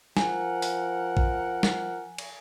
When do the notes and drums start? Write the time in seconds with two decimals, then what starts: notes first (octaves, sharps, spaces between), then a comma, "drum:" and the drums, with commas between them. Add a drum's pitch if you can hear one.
0.17 F3 A#4 F#5 G#5, drum: snare
0.62 drum: open hi-hat
1.17 drum: kick A#1
1.63 drum: snare
2.18 drum: cymbal